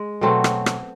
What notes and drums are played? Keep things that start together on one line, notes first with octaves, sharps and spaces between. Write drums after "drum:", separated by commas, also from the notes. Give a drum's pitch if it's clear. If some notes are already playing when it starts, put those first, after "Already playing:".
Already playing: G#3
B2 F#3 A3 C4
drum: rim click
drum: rim click